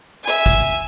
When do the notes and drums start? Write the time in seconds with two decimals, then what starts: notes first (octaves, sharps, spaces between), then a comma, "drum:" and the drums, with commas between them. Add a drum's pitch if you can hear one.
0.23 E5 G#5
0.46 drum: kick G#1, hi-hat